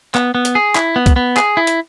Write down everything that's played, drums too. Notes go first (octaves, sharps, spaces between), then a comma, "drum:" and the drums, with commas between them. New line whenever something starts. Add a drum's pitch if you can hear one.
B3, drum: clap
B3
drum: hi-hat
G#4
E4, drum: clap
B3
drum: kick C2, hi-hat
B3
G#4, drum: clap
E4
drum: hi-hat